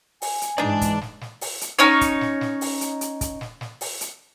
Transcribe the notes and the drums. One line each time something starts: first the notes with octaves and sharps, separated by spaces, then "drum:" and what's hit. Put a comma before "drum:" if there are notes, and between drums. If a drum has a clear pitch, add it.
G#5, drum: open hi-hat
drum: hi-hat
G#2 E3 G#3 D4 D#4 D5 A5
drum: kick, hi-hat
drum: snare
drum: snare
drum: open hi-hat
drum: hi-hat
C#4 D#4 C#5
drum: kick, hi-hat
drum: snare
drum: snare
drum: open hi-hat
drum: hi-hat
drum: hi-hat
drum: kick, hi-hat
drum: snare
drum: snare
drum: open hi-hat
drum: hi-hat